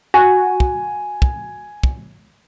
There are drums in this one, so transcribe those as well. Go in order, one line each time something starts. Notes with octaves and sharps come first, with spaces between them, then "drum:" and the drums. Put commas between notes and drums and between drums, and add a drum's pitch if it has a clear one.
F#4 G#5
drum: kick
drum: kick
drum: kick